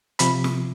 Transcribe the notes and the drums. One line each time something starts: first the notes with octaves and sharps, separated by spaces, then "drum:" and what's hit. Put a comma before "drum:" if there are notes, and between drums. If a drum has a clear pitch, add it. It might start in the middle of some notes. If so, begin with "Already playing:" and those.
C3 F3 B5, drum: hi-hat
drum: snare